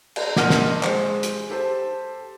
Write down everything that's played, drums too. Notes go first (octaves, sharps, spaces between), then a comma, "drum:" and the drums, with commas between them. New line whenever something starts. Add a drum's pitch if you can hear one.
drum: cymbal
A#2 D#5 F#5 A5 F6, drum: snare
drum: snare
G#3 C5, drum: clap
drum: hi-hat
G4 A4 C5 A5